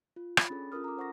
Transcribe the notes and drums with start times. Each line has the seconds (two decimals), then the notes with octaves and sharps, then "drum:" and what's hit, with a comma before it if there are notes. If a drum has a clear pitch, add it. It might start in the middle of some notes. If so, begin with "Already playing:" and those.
0.16 F4
0.37 C#5 B5 A6, drum: rim click
0.50 C#4 D4 G#4 A4
0.72 C#4 F4 A4 A#4 D#6 F6
0.84 A#5 D6
0.98 C5 F#5 C#6 A#6